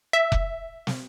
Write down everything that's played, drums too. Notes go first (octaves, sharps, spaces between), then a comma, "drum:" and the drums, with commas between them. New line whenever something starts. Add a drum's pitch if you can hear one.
E5
drum: kick F1
drum: snare